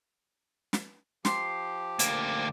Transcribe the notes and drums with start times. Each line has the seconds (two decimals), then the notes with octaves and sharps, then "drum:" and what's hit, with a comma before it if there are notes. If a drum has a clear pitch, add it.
0.73 drum: snare
1.25 F3 G4 C6, drum: snare
1.99 D2 A#3, drum: hi-hat